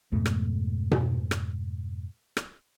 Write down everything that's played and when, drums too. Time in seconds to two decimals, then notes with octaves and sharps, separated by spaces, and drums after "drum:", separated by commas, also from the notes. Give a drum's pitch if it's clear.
0.12 F2 G#2 B2 A3
0.26 drum: rim click
0.91 drum: tom B2
1.31 drum: rim click
2.37 drum: rim click